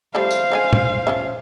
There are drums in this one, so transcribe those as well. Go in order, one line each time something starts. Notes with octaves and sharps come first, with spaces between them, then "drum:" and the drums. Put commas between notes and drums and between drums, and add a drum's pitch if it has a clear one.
G3 A3 E4 C5 F5
drum: tambourine
D3 G#3 G#5
drum: tom
F3 C#4 E5